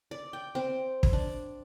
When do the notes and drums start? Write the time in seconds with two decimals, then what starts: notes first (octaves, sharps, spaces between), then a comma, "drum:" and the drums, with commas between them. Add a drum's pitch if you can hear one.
0.11 D5
0.33 G5
0.55 C4
1.03 drum: kick
1.13 D4